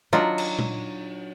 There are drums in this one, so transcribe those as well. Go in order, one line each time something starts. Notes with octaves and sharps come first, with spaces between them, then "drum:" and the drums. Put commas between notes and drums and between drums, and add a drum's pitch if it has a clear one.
F#3 D4 D#4 F4
drum: cymbal
drum: tom A#2